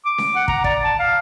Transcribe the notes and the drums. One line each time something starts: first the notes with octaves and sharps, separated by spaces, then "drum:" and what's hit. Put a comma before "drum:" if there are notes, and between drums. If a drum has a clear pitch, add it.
D6
drum: snare C#4
F#5
A#5, drum: kick
D5, drum: kick
A5
F5